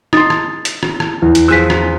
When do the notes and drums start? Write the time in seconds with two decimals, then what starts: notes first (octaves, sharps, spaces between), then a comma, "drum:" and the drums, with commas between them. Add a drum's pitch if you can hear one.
0.13 D#4 C6 D#6 A6, drum: rim click
0.30 drum: rim click
0.65 drum: hi-hat
0.83 drum: rim click
1.00 drum: rim click
1.22 E2 E4
1.35 drum: hi-hat
1.48 F3 G#4 C5 E6 F#6 B6
1.70 drum: rim click